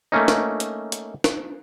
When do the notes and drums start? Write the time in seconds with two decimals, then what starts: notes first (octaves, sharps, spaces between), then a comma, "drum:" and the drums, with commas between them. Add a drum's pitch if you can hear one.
0.12 A3 A#3 C#4 D#4
0.28 drum: snare
0.60 drum: hi-hat
0.92 drum: hi-hat
1.24 drum: snare